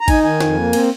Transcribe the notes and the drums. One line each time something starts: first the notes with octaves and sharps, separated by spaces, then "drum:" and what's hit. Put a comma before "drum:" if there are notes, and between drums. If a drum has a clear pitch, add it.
A#5
D#4 G#5, drum: kick G#1, cymbal
D#3 G#5
F2, drum: snare
A#3
C4, drum: cymbal